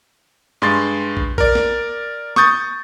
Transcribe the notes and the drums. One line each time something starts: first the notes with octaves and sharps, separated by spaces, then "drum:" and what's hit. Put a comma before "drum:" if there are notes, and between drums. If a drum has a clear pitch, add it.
G2 G#3 C6 A6
drum: kick
A#4 D5, drum: kick
drum: snare
C#6 D#6 G6 A6, drum: snare